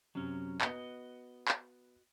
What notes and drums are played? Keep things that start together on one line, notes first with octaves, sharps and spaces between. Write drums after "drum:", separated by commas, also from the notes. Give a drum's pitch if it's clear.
F#2 C3 F#3 C#4
B3 F#4 D#5 C#7, drum: clap
drum: clap